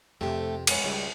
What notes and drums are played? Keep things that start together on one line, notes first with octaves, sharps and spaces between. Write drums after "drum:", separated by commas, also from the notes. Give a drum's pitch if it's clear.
F2 C3 A3 G4
G#3 B3 C#4, drum: cymbal
C#2 G3